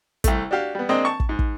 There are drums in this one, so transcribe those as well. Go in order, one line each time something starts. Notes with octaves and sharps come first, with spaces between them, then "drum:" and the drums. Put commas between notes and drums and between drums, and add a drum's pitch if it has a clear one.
C2 A3, drum: kick, hi-hat
D4 F#4 G4 F5
G3 B3
G#3 A#3 C4 D4 C5 D#5
A5 C#6
drum: kick
G#2
drum: kick